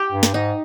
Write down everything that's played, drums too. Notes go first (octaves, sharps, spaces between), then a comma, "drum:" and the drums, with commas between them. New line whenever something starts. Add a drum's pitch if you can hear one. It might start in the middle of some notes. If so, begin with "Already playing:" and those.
Already playing: G4
G2
drum: snare
G#2 D#4